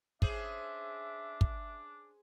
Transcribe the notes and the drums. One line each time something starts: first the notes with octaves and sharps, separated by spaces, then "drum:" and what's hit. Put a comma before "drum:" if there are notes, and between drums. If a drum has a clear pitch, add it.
C#4 D4 G#4 C5 E5, drum: kick
drum: kick